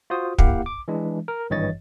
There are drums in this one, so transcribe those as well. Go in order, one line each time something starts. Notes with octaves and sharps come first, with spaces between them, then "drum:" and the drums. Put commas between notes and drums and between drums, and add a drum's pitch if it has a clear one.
F4 F#4 C5 D#6
A#3 E4 G4 F5 F#5, drum: kick
D6
E3 G#3 D4
A#4
G#1 G2 E3 C#5 D#5 A6